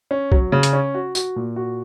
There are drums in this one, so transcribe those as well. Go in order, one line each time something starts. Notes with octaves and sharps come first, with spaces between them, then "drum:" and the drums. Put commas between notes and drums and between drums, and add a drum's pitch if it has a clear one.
C#4
F#3, drum: kick C2
C#3
drum: hi-hat
C#4
F#4
F#4, drum: tambourine
A#2
F#4